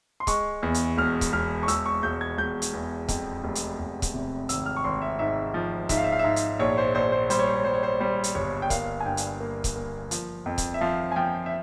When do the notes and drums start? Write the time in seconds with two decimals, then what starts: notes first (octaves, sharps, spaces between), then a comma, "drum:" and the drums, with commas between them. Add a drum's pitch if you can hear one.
0.20 C6
0.27 G#3 C#6, drum: kick, hi-hat
0.63 E2
0.74 drum: hi-hat
0.98 E1 F6
1.21 drum: kick, hi-hat
1.33 E1 F6
1.63 C#6
1.68 E1 E6, drum: hi-hat
1.86 C#6
2.03 E1 G6
2.21 G#6
2.38 E1 G6
2.62 drum: hi-hat
2.73 E2
3.08 F2, drum: kick, hi-hat
3.44 F1
3.55 drum: hi-hat
3.79 F1
4.02 drum: kick, hi-hat
4.14 C3
4.49 G#1 E6, drum: hi-hat
4.66 F6
4.76 C#6
4.84 G#1 C6
5.02 E5
5.19 G#2 E5
5.54 F3
5.89 G#2 E5, drum: kick, hi-hat
5.97 F5
6.04 E5
6.12 F5
6.19 G#2 E5
6.36 drum: hi-hat
6.59 A#1 C#5
6.78 C5
6.95 A#1 C5
7.12 C5
7.30 G3 C5, drum: hi-hat
7.39 C#5
7.47 C5
7.56 C#5
7.64 G3 C5
7.74 C#5
7.83 C5
8.00 G3 C5
8.24 drum: hi-hat
8.35 G1 C#5
8.62 G5
8.70 A#3 F5, drum: kick, hi-hat
9.00 G#5
9.06 G2 G5
9.17 drum: hi-hat
9.40 A#3
9.64 drum: kick, hi-hat
9.76 A#3
10.11 F3, drum: hi-hat
10.46 F2
10.58 drum: kick, hi-hat
10.74 E5
10.81 F3 F5
11.12 G#5
11.16 F3 G5
11.46 E5